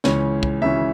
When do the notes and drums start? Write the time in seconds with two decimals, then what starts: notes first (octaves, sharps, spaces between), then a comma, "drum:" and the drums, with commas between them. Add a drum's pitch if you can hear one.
0.04 C#2 C#3 E3 C#4 C#5, drum: snare
0.43 drum: kick
0.62 C#2 C#3 E3 C#4 E5